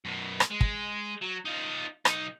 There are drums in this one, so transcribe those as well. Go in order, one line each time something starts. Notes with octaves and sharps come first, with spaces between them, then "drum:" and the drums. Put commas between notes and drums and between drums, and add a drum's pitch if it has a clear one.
F#2 B2
drum: rim click
G#3
drum: kick
F#3
D#4 F4
B1 D#4, drum: rim click